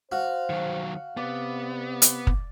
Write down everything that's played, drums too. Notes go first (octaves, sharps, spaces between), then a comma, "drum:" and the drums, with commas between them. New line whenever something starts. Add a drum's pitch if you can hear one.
F#4 C5 F5
D#3 F#3
C3 B3 D5
drum: hi-hat
drum: kick